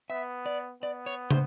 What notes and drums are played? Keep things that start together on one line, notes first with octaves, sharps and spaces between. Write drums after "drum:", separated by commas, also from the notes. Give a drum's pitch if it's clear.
B3 E5
D5
B3 D5
C#5
C5, drum: tom